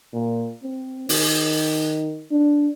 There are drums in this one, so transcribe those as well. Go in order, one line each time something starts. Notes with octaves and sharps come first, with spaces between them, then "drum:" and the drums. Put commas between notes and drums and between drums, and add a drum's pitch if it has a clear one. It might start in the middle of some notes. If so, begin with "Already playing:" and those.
A#2
C4
D#3, drum: open hi-hat
D4